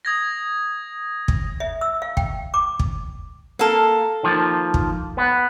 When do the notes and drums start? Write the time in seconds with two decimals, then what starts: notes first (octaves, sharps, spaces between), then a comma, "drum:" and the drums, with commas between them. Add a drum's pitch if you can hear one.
0.05 D#6 G#6 A#6
1.28 drum: kick
1.60 E5
1.81 E6
2.02 F5
2.17 G5, drum: kick
2.54 D6
2.79 drum: kick
3.59 A#3 A4 F5
4.23 D#3 F3 A#3
4.74 drum: kick
5.17 B3